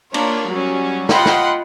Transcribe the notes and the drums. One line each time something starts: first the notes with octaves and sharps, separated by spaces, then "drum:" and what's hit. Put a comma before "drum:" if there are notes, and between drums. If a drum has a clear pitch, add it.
A#3 D4 F4 A#4 C#5, drum: cymbal
F#3 G3 C#4
F4 D#5 F#5 G5 B5 C6, drum: snare
drum: snare